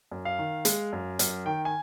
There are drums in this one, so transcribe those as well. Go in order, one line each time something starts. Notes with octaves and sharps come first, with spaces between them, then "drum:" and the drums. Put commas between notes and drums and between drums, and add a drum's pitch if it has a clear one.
F#2
F5
D#3
G#3, drum: hi-hat
F#2
F#2, drum: hi-hat
D#3 G5
G#5